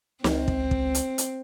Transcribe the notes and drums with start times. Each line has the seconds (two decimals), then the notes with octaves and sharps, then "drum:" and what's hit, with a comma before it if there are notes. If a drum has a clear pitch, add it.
0.24 C#2 C4, drum: snare
0.48 drum: kick
0.71 drum: kick
0.95 drum: hi-hat
1.18 drum: hi-hat